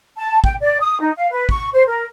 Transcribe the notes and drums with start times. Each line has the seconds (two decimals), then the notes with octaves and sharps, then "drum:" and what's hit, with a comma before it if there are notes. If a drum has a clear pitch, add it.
0.17 A5
0.44 G5, drum: kick
0.61 D5
0.79 D#6
0.99 D#4
1.16 F5
1.32 B4
1.49 C#6, drum: kick
1.72 C5
1.86 A#4